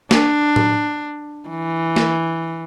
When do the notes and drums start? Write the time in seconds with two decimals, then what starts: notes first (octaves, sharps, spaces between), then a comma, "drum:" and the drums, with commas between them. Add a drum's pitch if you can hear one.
0.11 D4, drum: snare
0.56 drum: tom A2
1.48 E3
1.96 drum: snare